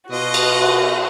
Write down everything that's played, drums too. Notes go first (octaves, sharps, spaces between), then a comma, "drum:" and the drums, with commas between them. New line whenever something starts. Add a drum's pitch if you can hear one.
B2 F4 F#4 D#5
drum: cymbal
drum: cymbal